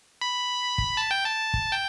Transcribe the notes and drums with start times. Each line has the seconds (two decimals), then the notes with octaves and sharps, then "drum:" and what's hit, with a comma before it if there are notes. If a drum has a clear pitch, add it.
0.21 B5
0.78 drum: kick
0.97 A5
1.11 G5
1.25 A5
1.54 drum: kick
1.72 G5